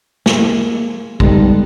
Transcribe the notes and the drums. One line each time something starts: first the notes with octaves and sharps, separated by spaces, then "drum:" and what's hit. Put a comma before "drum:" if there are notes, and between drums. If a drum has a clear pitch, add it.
G#3 A#3, drum: snare
G3 G#3 B3 D#4 A4, drum: kick